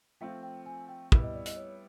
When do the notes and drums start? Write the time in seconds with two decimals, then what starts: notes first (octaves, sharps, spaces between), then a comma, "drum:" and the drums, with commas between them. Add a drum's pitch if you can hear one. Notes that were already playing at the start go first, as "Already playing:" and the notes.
0.21 F3 A3 C4 F4 G5
0.43 G5
0.66 G#5
0.89 G5
1.12 G3 B3 E4, drum: kick
1.23 D#5
1.34 D5
1.46 D#5, drum: hi-hat
1.57 C#5